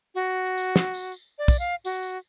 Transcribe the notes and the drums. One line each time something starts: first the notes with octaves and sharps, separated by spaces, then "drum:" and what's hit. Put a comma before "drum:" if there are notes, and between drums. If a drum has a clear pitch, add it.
F#4
drum: tambourine
drum: snare
drum: tambourine
drum: tambourine
D5
drum: kick, tambourine
F5
F#4, drum: tambourine
drum: tambourine